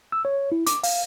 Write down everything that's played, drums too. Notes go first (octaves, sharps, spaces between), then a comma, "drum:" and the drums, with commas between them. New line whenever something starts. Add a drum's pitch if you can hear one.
E6
C#5
E4
D6, drum: hi-hat
F5, drum: open hi-hat